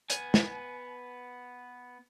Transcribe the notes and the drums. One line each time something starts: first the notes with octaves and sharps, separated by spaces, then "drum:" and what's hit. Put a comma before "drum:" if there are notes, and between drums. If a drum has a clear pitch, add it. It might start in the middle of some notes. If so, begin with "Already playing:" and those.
B3 G#5, drum: hi-hat
drum: snare